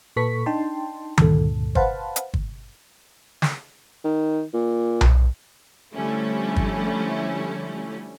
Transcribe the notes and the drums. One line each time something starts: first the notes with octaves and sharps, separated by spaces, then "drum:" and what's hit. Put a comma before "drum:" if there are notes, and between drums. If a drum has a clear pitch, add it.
A#2 A4 B4 C#6 B6
D4 D#4 G5 A5 C6
C#2 G2 A#2 D3 A4, drum: tom D#3
B4 C5 F5 F#5 A5 B5, drum: kick
drum: hi-hat
drum: kick
drum: snare
D#3
A#2
drum: tom B1
D3 F3 G3 A3 C#4 E4
drum: kick